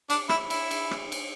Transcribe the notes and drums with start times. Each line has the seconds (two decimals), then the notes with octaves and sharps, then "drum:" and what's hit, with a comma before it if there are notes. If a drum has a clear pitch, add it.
0.10 D4, drum: cymbal
0.29 E4, drum: rim click
0.50 E4, drum: cymbal
0.71 drum: cymbal
0.91 drum: rim click
1.12 drum: cymbal